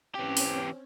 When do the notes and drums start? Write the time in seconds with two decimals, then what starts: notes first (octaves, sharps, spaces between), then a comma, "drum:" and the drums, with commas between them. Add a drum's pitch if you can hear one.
0.15 E3 C4 C#4 G4
0.37 drum: open hi-hat